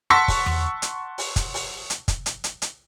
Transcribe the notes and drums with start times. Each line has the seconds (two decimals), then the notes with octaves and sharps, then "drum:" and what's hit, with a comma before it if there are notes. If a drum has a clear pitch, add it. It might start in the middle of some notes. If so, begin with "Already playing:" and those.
0.10 F#5 A5 C6 C#6 E6 B6
0.28 drum: kick, open hi-hat
0.46 drum: tom E2
0.82 drum: hi-hat
1.18 drum: open hi-hat
1.36 drum: kick, hi-hat
1.54 drum: open hi-hat
1.90 drum: hi-hat
2.08 drum: kick, hi-hat
2.26 drum: hi-hat
2.44 drum: hi-hat
2.62 drum: hi-hat